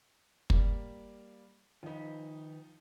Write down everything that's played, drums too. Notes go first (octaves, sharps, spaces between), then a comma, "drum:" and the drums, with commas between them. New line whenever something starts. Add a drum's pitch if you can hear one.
G3 A#3, drum: kick
D#3 F3 D#4 B4